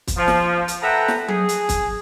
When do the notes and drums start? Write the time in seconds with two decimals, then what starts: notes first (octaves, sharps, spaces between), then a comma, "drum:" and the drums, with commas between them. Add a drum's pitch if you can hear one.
0.07 drum: kick, hi-hat
0.17 F3
0.28 drum: snare
0.68 drum: hi-hat
0.83 A4 B4 E5 F#5 G5 A#5
1.08 drum: snare
1.28 G#4, drum: tom F#3
1.49 drum: hi-hat
1.69 drum: kick, hi-hat